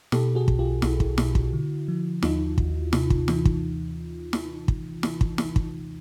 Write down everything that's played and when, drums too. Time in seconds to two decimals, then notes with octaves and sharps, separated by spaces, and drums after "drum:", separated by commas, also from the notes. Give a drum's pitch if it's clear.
0.12 B2 G4 A4, drum: snare
0.35 F#4 G#4
0.48 B1, drum: kick
0.59 F4 G4
0.82 B1 E4 F#4, drum: snare
1.00 drum: kick
1.18 B2, drum: snare
1.35 drum: kick
1.53 D3
1.88 F3
2.23 D#2 D#4 F4, drum: snare
2.58 D#2, drum: kick
2.93 C3, drum: snare
3.10 drum: kick
3.28 E3, drum: snare
3.45 drum: kick
4.33 drum: snare
4.68 drum: kick
5.03 drum: snare
5.21 drum: kick
5.38 drum: snare
5.56 drum: kick